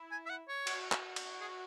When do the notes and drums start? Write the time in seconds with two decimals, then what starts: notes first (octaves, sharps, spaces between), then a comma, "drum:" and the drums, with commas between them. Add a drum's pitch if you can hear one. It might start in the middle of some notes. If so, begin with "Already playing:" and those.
Already playing: E4
0.11 G#5
0.26 E5
0.30 F#5
0.48 C#5
0.67 F#4, drum: cymbal
0.92 drum: clap
1.16 drum: cymbal
1.41 G#4